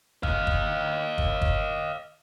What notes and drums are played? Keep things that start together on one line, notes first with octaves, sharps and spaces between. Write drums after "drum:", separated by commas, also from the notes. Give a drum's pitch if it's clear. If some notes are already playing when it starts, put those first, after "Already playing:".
D#5 F5, drum: kick
drum: kick
drum: kick
drum: kick